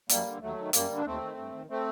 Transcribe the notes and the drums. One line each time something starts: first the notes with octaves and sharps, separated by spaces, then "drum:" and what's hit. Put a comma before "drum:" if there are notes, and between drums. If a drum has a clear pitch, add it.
F#2 G3 A#3, drum: hi-hat
D3
D#2 F#3 A3
D#3
F#2 G3 A#3, drum: hi-hat
D3
D4
D#2 A3 C4
D#3
G2
D#3
A3 C4